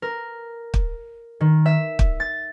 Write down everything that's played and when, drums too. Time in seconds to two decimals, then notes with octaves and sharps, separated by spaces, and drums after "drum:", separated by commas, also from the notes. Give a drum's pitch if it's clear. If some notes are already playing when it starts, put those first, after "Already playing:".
0.02 A#4
0.74 drum: kick
1.41 D#3
1.66 E5
1.99 drum: kick
2.20 A6